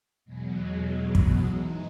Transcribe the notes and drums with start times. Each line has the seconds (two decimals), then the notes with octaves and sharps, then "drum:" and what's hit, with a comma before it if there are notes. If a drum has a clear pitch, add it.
0.25 E2 B2 F#3 G#3
1.15 drum: kick
1.46 G#2 E3 D#4